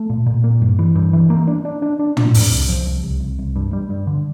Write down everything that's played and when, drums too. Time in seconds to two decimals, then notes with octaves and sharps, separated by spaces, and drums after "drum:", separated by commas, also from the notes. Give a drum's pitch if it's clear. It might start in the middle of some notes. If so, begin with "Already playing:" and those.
Already playing: A3
0.10 A#2
0.26 A#2
0.44 A#3
0.62 G2
0.79 E3
0.96 G2
1.13 E3
1.30 A#3
1.48 D4
1.65 D4
1.82 D4
1.99 D4
2.17 D4, drum: tom
2.34 F2, drum: open hi-hat
2.51 C2
2.69 F3
2.86 C2
3.03 C2
3.20 C2
3.39 C2
3.56 G2
3.73 G3
3.90 G2
4.07 D3